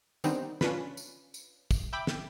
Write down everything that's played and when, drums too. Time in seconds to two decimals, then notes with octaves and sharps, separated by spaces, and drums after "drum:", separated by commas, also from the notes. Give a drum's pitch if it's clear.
0.24 D#3 G3 B3 C4 D4 D#4, drum: tambourine
0.61 C#4 D4 F4 B4, drum: snare
0.97 drum: tambourine
1.34 drum: tambourine
1.71 drum: kick, tambourine
1.93 E5 G5 B5 D6
2.07 drum: snare